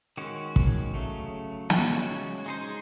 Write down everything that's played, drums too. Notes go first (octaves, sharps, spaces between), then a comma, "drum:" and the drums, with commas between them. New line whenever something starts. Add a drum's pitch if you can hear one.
D#3 G#3 C#4 F#4
drum: kick
C#3 F#3 A3
C#3 G#3 C#4 F#4, drum: snare
G#3 D#4 G#4 C5